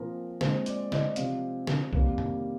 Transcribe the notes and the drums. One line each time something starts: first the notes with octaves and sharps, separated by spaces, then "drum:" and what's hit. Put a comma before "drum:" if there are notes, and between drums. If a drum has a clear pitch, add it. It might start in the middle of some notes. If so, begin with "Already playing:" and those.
Already playing: A#2 F3 C4 A#4
A#2 G#3 C4 C5, drum: snare
D5, drum: hi-hat
D#5, drum: snare
C3 F3 C4 F5, drum: hi-hat
drum: snare
C3 D#3 G3 A#3, drum: kick B1
drum: tom F2